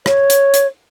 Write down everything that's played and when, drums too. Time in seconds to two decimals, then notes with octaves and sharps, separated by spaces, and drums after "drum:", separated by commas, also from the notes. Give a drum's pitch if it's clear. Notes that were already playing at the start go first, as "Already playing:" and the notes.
0.06 C#5, drum: rim click
0.30 drum: hi-hat
0.54 drum: hi-hat